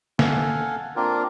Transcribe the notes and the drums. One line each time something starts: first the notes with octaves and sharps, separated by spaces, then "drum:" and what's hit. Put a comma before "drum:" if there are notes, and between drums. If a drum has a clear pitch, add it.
A4 F5 F#5 G#5, drum: snare
A#3 C4 D4 F4 A#4